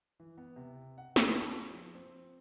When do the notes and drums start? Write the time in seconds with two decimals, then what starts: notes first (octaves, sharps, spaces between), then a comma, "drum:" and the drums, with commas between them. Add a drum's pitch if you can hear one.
0.20 E3
0.38 B3
0.56 C3
0.98 F#5
1.16 B3, drum: snare
1.37 A5
1.70 F3
1.95 C4